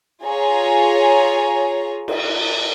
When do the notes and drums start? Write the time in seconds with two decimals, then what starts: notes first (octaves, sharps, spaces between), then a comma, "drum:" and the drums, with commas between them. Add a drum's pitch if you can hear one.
0.25 F4 G#4 C#5 A#5
2.08 drum: cymbal